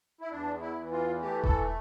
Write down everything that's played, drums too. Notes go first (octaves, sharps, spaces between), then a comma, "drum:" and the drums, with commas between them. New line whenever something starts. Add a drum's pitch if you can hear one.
E4
E2 D4
E4
E3
F4
A3 G4
A4, drum: kick E1